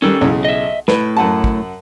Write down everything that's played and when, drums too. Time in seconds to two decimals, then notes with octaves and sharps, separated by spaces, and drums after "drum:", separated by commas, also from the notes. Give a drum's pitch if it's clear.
0.02 D#3 G3 C#4 A4
0.21 B1 C#3 E3
0.45 D#5 E5
0.88 A2 B4, drum: snare
1.17 F#2 F#5 A5
1.44 drum: kick